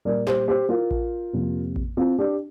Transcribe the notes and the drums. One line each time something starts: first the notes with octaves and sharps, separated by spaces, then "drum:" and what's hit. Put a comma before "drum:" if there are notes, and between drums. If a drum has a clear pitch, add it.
A#2 G3 A#3 A#4 D5
G4 C5, drum: snare
G4 C5
F4 A#4
drum: kick A1
F2 C3 A#3
drum: kick A1
C4 F4
D4 G4